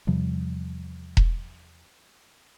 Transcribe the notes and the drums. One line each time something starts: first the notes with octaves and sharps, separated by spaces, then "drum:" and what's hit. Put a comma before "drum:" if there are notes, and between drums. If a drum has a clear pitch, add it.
E2 C3 F3 G3
drum: kick E1